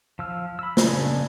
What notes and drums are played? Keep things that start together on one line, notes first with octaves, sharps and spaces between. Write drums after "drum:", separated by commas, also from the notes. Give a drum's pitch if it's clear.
F3 E6 F6
B5 E6
C#3 D4 G#4, drum: snare